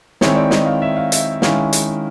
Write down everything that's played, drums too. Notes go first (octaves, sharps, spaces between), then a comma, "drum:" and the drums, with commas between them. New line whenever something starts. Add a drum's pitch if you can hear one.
D#3 G#3 C4 E4 C#5, drum: snare
D5
D#5, drum: snare
F5
E5
F5
E5, drum: hi-hat
D#3 G#3 C#4 E4 F5, drum: snare
drum: hi-hat